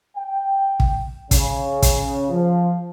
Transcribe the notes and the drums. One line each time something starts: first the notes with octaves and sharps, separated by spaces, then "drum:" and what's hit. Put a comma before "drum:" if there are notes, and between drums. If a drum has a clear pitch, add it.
G5
drum: kick
C#3, drum: kick, hi-hat
drum: kick, hi-hat
F3